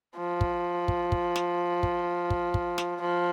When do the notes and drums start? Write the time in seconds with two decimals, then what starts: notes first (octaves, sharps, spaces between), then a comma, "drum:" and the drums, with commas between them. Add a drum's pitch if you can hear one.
0.17 F3
0.41 drum: kick
0.88 drum: kick
1.12 drum: kick
1.36 drum: snare
1.83 drum: kick
2.30 drum: kick
2.54 drum: kick
2.78 drum: snare
3.01 F3